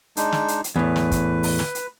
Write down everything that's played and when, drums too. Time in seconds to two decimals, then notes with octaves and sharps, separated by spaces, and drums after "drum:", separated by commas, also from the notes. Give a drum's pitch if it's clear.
0.17 G#3 D4 D#4, drum: hi-hat
0.32 drum: snare
0.48 drum: hi-hat
0.64 drum: hi-hat
0.76 E2 A2 B4
0.96 drum: snare
1.12 drum: kick, hi-hat
1.43 drum: open hi-hat
1.59 drum: snare
1.75 drum: hi-hat